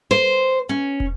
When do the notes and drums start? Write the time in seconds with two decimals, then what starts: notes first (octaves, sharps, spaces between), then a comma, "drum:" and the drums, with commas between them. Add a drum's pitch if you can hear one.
0.11 C5
0.69 C#4
1.00 drum: kick